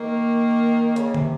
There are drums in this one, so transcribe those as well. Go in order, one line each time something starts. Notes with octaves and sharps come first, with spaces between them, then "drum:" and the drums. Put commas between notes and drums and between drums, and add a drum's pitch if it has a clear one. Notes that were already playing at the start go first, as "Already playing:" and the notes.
Already playing: D#3 A#3
C#3, drum: hi-hat
C3, drum: tom D3